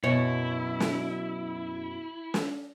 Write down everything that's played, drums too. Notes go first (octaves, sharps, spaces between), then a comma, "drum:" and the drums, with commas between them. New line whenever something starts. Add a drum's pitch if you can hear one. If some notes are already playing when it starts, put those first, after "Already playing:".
F#2 B2 E4 C#5
drum: snare
drum: snare